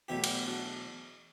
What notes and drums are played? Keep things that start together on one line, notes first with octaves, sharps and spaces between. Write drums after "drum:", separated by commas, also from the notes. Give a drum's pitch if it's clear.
E2 B2 F#3 A3 E4 G4
drum: cymbal
D4 F#4